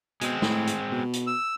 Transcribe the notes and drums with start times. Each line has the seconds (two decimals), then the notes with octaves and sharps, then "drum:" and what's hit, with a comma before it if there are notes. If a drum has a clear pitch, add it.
0.21 B2 G#3 C4, drum: hi-hat
0.42 A2, drum: snare
0.67 drum: hi-hat
0.92 B2
1.13 drum: hi-hat
1.27 E6